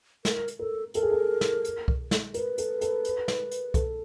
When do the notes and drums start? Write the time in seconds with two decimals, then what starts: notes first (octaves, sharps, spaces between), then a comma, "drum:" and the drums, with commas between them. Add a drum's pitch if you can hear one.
0.25 A#4, drum: snare
0.48 drum: hi-hat
0.59 A4 A#4
0.94 A4 A#4, drum: hi-hat
1.03 G#4
1.11 A4
1.41 drum: snare
1.65 drum: hi-hat
1.88 drum: kick C2
2.11 drum: snare
2.34 A#4 B4, drum: hi-hat
2.58 A4, drum: hi-hat
2.81 A4, drum: hi-hat
3.05 drum: hi-hat
3.28 drum: snare
3.51 drum: hi-hat
3.74 A4, drum: kick C2, hi-hat